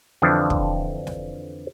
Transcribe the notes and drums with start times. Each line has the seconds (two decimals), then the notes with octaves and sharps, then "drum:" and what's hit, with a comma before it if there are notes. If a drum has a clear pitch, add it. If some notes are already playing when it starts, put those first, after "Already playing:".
0.22 F2 D3 E3 F3 D4 F4
0.50 drum: kick
1.07 drum: snare